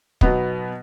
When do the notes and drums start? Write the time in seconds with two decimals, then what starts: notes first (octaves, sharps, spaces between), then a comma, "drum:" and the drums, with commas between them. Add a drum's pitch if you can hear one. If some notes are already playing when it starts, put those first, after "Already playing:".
0.21 B2 F#3 B3 D#4, drum: kick